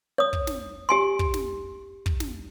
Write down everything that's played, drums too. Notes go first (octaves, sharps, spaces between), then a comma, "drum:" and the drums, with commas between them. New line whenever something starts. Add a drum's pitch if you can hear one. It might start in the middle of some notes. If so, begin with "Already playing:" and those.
C#5 D#6
drum: kick
drum: snare
G4 G#5 C6
drum: kick
drum: snare
drum: kick
drum: snare